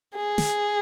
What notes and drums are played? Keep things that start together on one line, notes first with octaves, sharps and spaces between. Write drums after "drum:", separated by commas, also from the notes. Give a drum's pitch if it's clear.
G#4
drum: snare